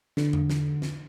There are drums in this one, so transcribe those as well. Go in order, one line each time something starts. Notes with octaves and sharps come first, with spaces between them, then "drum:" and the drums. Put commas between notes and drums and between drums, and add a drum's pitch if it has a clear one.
D3, drum: snare
drum: tom E2
drum: snare
drum: snare